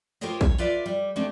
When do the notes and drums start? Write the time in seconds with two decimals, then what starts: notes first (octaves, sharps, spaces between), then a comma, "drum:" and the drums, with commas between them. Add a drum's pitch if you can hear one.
0.21 F4 G4 A#4 C5 C#5 D#5
0.41 C#5, drum: kick A#1
0.58 F4 B4 D5 E5
0.86 G3
1.16 G#3 A3 C4 D4 G4